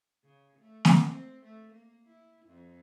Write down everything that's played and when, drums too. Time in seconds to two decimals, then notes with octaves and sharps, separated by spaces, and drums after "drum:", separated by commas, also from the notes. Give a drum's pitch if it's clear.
0.24 C#3
0.59 A3
0.85 drum: snare
1.06 C4
1.44 A3
1.73 A#3
2.07 E4
2.46 F2